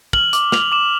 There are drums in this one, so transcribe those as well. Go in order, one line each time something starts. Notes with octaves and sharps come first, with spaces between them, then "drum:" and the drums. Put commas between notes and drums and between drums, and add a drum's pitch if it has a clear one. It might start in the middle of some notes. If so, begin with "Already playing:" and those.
F6 F#7, drum: kick
D6, drum: hi-hat
F6 F7, drum: snare
D6 E7